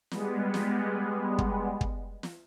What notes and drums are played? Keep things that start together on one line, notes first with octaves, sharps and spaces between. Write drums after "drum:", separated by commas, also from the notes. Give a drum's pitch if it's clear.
G3 G#3 B3, drum: snare
drum: snare
drum: kick
drum: kick
drum: snare